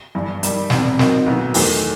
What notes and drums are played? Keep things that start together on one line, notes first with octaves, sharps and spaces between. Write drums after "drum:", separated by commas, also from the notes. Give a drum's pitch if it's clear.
G1 G2 E3
G2 D#3 G3, drum: hi-hat
E1 E2 C3, drum: snare
D#3 F#3 C4 D#4, drum: snare
B1 A2 F#3 B3
E2 D#3 A3, drum: open hi-hat